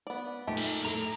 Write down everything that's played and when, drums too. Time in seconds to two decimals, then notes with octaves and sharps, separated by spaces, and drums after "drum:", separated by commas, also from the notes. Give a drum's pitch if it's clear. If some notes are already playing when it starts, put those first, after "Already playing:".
0.07 B3 D5
0.47 A#2 A3 D#4 G4
0.57 drum: cymbal
0.85 A2 A4 A#5